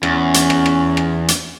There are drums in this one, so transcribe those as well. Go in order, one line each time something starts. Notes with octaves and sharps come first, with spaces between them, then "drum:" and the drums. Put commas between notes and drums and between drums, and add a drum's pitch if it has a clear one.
E2 C#4, drum: rim click
drum: hi-hat
drum: rim click
drum: rim click
drum: rim click
drum: hi-hat